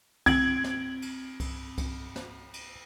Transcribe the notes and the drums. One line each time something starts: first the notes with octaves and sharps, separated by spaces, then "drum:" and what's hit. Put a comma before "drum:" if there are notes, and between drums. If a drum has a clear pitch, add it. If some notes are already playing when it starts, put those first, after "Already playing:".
C4 G#6 D7 F#7, drum: kick C2, cymbal
drum: snare
drum: cymbal
drum: kick C2, cymbal
drum: kick C2, cymbal
drum: snare
drum: cymbal